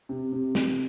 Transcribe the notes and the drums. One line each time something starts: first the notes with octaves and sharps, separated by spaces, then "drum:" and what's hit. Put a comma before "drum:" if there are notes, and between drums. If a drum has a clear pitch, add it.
C3
C3
drum: snare